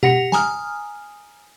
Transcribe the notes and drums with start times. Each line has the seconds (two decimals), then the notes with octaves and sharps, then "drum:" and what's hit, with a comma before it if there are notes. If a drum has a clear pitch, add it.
0.03 G4 F#5 A#6 C#7 F7, drum: tom B2
0.32 G#5 A#5 D#6 F6, drum: snare